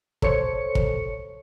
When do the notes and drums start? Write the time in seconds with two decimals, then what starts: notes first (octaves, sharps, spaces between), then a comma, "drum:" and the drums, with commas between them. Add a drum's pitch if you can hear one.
0.22 A4 C5 C#5 C#7, drum: kick
0.75 drum: kick